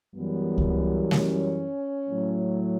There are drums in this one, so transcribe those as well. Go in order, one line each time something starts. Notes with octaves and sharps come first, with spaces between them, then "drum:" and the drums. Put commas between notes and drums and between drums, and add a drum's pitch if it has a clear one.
F#2 E3 G3 B3
drum: kick C#2
C#4, drum: snare G3
A2 F#3